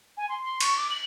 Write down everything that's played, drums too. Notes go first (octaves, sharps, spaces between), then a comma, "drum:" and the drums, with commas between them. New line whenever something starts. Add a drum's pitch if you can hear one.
G#5
C6
C6
C#6, drum: cymbal
D6
F#7